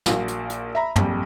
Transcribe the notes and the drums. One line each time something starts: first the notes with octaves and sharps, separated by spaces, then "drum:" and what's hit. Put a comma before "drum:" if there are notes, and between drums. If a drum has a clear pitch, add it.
A#1 A#2 F#4 F5, drum: snare
drum: hi-hat
drum: hi-hat
E5 A#5 B5
A#1 F2 G3, drum: tom